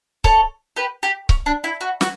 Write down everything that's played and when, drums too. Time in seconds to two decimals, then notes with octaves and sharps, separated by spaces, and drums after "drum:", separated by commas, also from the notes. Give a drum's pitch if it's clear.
0.24 A4 C#5, drum: kick C#1
0.76 G4 B4
1.03 G4
1.29 C#4, drum: kick C#1
1.46 D4
1.64 E4
1.81 F#4
2.01 F#4, drum: snare